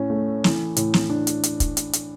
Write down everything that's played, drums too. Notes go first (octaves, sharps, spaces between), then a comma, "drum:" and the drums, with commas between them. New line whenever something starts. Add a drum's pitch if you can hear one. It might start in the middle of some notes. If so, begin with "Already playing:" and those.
Already playing: A2 C#4
A3
E3, drum: snare
A2, drum: hi-hat
drum: snare
D4
drum: hi-hat
drum: hi-hat
drum: kick, hi-hat
drum: hi-hat
drum: hi-hat